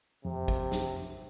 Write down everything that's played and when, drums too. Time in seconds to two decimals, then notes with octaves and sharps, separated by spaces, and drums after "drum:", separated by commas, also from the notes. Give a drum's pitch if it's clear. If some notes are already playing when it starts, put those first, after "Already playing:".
0.25 F2 C3
0.48 drum: kick
0.72 drum: snare